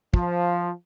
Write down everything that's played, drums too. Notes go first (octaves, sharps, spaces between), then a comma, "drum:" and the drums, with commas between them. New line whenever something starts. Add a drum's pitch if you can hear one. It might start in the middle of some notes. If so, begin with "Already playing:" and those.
F3, drum: kick